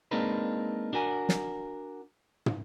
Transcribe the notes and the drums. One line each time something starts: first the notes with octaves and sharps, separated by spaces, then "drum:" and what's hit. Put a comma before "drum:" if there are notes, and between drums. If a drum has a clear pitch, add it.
G#3 A#3 C4 D4 D#4 B4
D4 F#4 A#4 G#5
drum: snare
drum: tom